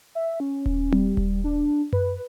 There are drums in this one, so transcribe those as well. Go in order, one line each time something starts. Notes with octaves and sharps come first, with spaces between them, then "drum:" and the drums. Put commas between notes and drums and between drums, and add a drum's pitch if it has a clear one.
E5
C#4
drum: kick D#1
G3, drum: tom C4
drum: kick D#1
D4
B4, drum: tom F#2